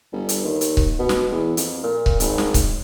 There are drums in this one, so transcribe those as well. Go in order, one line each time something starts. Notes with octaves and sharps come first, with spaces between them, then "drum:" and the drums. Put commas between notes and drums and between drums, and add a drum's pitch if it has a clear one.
G1
drum: hi-hat
D#2
drum: hi-hat
drum: kick C#1
B2
drum: snare
E2
F2, drum: hi-hat
A#2
drum: kick C#1
G#1, drum: hi-hat
drum: snare
drum: kick C#1, hi-hat